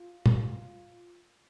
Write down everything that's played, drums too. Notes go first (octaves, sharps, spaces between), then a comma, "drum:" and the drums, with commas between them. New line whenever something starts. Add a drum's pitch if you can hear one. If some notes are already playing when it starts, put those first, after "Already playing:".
Already playing: F4
drum: tom